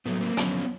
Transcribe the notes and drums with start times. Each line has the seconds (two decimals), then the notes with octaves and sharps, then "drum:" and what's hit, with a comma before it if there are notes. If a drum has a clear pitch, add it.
0.06 A2 F#3 A3 B3
0.21 A#3 C4
0.37 F2 D3 F#3 B3 C#4, drum: hi-hat